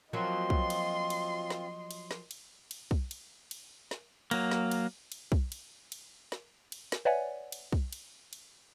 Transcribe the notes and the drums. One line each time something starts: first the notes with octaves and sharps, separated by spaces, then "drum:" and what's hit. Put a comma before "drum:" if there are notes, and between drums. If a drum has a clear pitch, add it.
F3 F#3 A#3 C4 F4 D#5 C6
drum: kick
drum: cymbal
drum: cymbal
drum: snare
drum: cymbal
drum: snare
drum: cymbal
drum: cymbal
drum: kick
drum: cymbal
drum: cymbal
drum: snare
F#3 A#3, drum: cymbal
drum: snare
drum: cymbal
drum: cymbal
drum: kick
drum: cymbal
drum: cymbal
drum: snare
drum: cymbal
drum: snare
B4 C#5 D5 E5 F#5 G#5
drum: cymbal
drum: kick
drum: cymbal
drum: cymbal